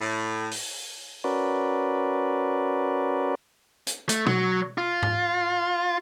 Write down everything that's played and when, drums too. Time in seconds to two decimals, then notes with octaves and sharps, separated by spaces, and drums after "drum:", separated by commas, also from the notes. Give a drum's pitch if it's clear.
0.01 A2
0.51 drum: open hi-hat
1.24 C#4 F#4 A#4 B4 D5
3.87 drum: hi-hat
4.09 A3, drum: hi-hat
4.26 F#3, drum: tom
4.78 F4
5.02 drum: tom G#2